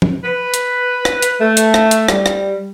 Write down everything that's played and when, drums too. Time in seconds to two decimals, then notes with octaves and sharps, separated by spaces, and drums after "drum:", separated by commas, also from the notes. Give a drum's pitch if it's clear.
0.02 drum: tom F3
0.24 B4
0.54 drum: hi-hat
1.05 drum: rim click
1.22 drum: hi-hat
1.41 A3
1.57 drum: hi-hat
1.74 drum: rim click
1.91 drum: hi-hat
2.08 G3, drum: rim click
2.26 drum: rim click